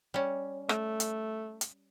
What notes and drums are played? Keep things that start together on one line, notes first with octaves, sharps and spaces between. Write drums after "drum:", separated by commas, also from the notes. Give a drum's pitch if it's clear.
G3 C#4
A3, drum: rim click
drum: hi-hat
drum: hi-hat